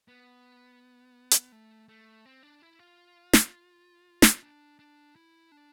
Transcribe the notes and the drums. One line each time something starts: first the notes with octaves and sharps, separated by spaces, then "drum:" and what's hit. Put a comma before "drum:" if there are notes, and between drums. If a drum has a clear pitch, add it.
B3
drum: hi-hat
A3
A3
C4
D4
E4
F4
drum: snare
drum: snare
D4
D4
E4
D4